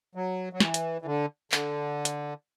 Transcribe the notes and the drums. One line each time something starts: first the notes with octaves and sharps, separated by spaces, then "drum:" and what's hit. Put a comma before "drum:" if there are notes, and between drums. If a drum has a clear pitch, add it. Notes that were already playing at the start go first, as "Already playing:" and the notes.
F#3
F#3
E3, drum: snare
drum: hi-hat
E3
D3
D3, drum: clap
drum: hi-hat